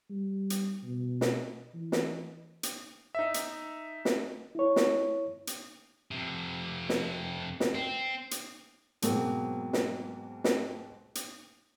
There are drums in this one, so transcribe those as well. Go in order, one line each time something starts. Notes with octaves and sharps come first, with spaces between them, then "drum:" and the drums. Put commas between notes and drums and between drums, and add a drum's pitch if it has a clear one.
G3
drum: hi-hat
B2
drum: snare
E3
drum: snare
drum: hi-hat
D#4 E5
drum: hi-hat
drum: snare
E4 C#5
drum: snare
drum: hi-hat
F2 C3
drum: snare
drum: snare
C4
drum: hi-hat
G#2 B2 F#3 A#3 C4, drum: hi-hat
drum: snare
drum: snare
drum: hi-hat